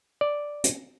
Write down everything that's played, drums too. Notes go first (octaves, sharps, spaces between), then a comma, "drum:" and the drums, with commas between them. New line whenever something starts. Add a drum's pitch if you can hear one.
D5
drum: hi-hat